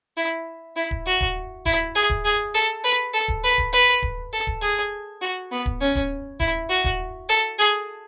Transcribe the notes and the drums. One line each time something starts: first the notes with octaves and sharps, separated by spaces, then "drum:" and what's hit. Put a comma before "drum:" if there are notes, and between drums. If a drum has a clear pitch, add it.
E4
E4
drum: kick D1
F#4
drum: kick D1
E4, drum: kick D1
G#4
drum: kick D1
G#4
A4
B4
A4
drum: kick D1
B4
drum: kick D1
B4
drum: kick D1
A4
drum: kick D1
G#4
F#4
B3
drum: kick D1
C#4
drum: kick D1
E4, drum: kick D1
F#4
drum: kick D1
A4
G#4